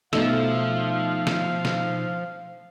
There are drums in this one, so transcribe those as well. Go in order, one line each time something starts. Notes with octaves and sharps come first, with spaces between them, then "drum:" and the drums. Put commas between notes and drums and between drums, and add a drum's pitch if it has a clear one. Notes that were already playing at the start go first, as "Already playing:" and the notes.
B2 F3 A3 D#4 F5 E6, drum: snare
drum: snare
drum: snare